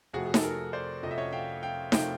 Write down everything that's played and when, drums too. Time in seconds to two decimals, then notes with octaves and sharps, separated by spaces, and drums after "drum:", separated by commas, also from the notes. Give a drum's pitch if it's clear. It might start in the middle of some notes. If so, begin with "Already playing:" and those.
0.13 F2 C3 F3 A3 F#4 G#4
0.26 G#4
0.34 A4, drum: snare D#4
0.43 G#4 A#4
0.73 C5 D5
1.03 F2 C3 F3 A3 D#5
1.11 E5
1.18 C#5 D#5
1.33 F5 G5
1.63 F5 G5
1.92 C3 F3 A3 F5 G5, drum: snare D#4